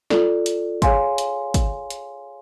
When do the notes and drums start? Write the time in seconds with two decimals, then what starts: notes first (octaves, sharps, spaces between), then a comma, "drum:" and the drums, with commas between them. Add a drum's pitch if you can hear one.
0.10 F4 A4 D5, drum: snare
0.46 drum: hi-hat
0.82 G#4 C#5 F5 G#5 C6, drum: kick, hi-hat
1.18 drum: hi-hat
1.54 drum: kick, hi-hat
1.90 drum: hi-hat